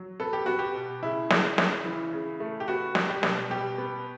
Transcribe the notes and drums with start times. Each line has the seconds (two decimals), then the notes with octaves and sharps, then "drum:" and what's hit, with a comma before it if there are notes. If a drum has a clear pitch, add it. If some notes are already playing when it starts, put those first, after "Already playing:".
Already playing: F#3
0.20 B3 A4
0.33 G4
0.46 B3 F#4
0.59 G4
0.75 B2
1.02 C#3 E4
1.30 C#3, drum: snare
1.58 C#3, drum: snare
1.85 E3
2.13 C#3
2.40 A3
2.60 G4
2.68 B3 F#4
2.95 G3, drum: snare
3.09 G4
3.23 B2, drum: snare
3.50 B2 G4
3.78 B3